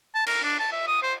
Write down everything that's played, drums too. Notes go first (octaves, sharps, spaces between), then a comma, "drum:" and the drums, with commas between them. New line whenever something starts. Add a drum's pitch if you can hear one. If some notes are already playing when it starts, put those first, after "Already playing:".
A5
A#4, drum: cymbal
D4
A5
E5
D#6
C5